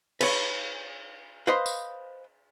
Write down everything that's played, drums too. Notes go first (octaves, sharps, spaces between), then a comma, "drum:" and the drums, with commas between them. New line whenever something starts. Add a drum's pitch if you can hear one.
B4 C#5, drum: cymbal
B4 C5 D#5 F5 C6
drum: tambourine